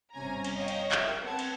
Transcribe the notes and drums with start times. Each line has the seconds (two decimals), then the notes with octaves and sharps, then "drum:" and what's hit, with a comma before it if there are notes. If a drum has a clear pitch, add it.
0.14 G1 C3 C#4 G#5 A#5
0.44 drum: cymbal
0.55 C#5 D#5 F5 G5 C#6
0.68 drum: cymbal
0.92 A#4 E5 G5, drum: clap
1.22 B3 C4 F#5 A5 G#6
1.39 drum: cymbal